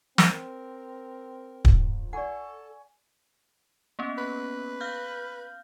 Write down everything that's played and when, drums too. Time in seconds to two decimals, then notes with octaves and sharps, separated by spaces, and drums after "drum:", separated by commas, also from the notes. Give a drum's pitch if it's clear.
0.18 C4 A#4, drum: snare
1.65 A#1, drum: kick
2.13 A4 D5 F#5 G#5 C#6
3.99 A#3 B3 C#4
4.18 B4
4.81 F5 F6 G6